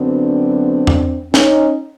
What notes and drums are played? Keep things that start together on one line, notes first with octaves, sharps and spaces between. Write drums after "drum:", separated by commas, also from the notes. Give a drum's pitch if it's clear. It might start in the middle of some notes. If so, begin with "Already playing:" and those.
Already playing: F#2 D3 F#3 B3 C4 D4
drum: tom E2
C#4 D#4, drum: snare